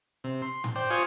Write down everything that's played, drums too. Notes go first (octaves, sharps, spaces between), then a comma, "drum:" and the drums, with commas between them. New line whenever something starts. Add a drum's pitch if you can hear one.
C3
C6
drum: tom A2
C5 D5 G5
F4 C5 G#5 C#6 D#6